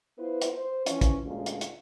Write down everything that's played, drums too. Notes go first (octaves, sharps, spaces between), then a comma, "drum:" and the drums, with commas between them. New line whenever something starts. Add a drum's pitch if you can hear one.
B3 E4 F4 B4 C5
drum: hi-hat
C5
E3 F3 C#4, drum: hi-hat
drum: kick, hi-hat
D2 A#2 G#3 C#4 F4
drum: hi-hat
drum: hi-hat